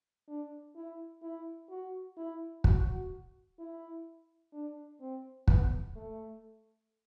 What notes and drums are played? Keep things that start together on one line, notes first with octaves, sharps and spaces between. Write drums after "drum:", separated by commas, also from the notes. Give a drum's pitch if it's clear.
D4
E4
E4
F#4
E4
F#4, drum: kick
E4
D4
C4
B3, drum: kick
A3